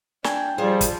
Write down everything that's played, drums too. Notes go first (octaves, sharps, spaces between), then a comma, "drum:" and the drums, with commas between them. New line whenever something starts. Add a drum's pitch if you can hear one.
D4 G5 G#5, drum: snare
F3 G3 G#4 C5 F5
drum: kick, hi-hat